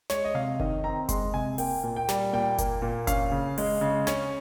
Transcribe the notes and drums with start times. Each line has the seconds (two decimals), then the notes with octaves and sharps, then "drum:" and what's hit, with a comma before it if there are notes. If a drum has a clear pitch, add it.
0.10 G#3 C#5, drum: snare
0.24 D#5
0.34 C3 F5
0.60 D#3 D#5, drum: kick F#1
0.84 C4 A#5
1.09 G#3 C6, drum: kick F#1, hi-hat
1.34 C3 G#5
1.58 A#3 G5, drum: open hi-hat
1.83 A#2
1.96 G5
2.09 G3, drum: snare
2.33 A#2 G5
2.58 A#3, drum: kick F#1, hi-hat
2.82 A#2
3.07 C#4 F5, drum: kick F#1, hi-hat
3.32 C#3
3.58 G#3, drum: open hi-hat
3.81 C#3
4.07 C#4, drum: snare